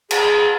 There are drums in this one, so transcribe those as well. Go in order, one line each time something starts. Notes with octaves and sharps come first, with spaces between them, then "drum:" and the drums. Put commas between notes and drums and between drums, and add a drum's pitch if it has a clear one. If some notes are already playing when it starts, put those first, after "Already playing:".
G#4, drum: cymbal